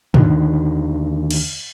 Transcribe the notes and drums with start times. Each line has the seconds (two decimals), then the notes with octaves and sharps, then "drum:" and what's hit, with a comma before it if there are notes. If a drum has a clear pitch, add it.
0.14 D#2 D3 D#3, drum: tom
1.31 drum: cymbal